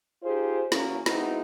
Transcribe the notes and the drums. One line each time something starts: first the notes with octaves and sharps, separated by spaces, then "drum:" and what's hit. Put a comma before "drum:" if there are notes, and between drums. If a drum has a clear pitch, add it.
D#4 F4 G4 G#4 C5
E2 F#3 A#3 C#4, drum: snare
G#3 B3 C4 D#4 E4 F#4, drum: snare